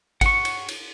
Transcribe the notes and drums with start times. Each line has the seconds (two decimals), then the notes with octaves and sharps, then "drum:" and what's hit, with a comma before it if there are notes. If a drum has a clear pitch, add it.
0.21 F#5 C#6, drum: kick G#1, cymbal
0.45 drum: cymbal
0.69 drum: cymbal